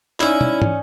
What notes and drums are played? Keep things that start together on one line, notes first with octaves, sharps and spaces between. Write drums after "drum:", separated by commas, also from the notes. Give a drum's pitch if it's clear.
C#4 D#4 E4 D5 G#5, drum: clap
drum: tom
drum: tom